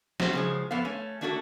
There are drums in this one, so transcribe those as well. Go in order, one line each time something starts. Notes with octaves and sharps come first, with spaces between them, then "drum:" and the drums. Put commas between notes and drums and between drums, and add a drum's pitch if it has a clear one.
G3 C4 F#4, drum: snare
C#3 F3 G#3
F2 B3 A4 F5
A3 C#4
A3 A#3 D4 F#4 G4 A4